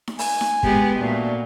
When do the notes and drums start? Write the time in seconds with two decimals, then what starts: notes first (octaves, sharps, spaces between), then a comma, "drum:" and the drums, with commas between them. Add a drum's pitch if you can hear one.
0.08 drum: snare D#4
0.19 G#5, drum: open hi-hat
0.41 drum: snare D#4
0.63 G#3 B3 G4, drum: kick
0.99 A#2 A3 D4 F#4